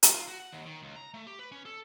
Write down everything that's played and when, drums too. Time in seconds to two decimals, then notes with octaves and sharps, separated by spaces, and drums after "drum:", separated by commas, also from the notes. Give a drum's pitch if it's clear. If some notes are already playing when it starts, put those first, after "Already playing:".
0.03 drum: hi-hat
0.14 F4
0.28 F#4
0.40 F#5
0.53 D#2
0.65 D#3
0.82 C#2
0.96 A#5
1.14 A3
1.27 G4
1.39 B4
1.52 C#4
1.66 A4